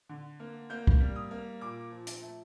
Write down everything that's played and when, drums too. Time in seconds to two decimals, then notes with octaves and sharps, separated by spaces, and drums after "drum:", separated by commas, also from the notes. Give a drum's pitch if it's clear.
0.09 D3
0.40 A#3
0.70 A#3 G6
0.87 drum: kick
1.00 G3
1.16 D#6
1.31 A#3
1.61 A#2 D6
1.92 F3
2.07 drum: hi-hat
2.22 A3